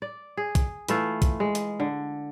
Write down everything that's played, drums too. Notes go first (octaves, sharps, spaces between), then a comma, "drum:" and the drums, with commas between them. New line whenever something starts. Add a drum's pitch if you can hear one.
D5
G#4
drum: kick, hi-hat
E3 A3 F4, drum: hi-hat
drum: kick, hi-hat
G#3
drum: hi-hat
D3